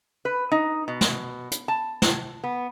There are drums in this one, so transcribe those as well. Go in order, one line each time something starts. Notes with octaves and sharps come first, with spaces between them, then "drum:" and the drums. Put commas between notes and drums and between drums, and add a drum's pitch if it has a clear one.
B4
D#4
B2
drum: snare
drum: hi-hat
A5
drum: snare
B3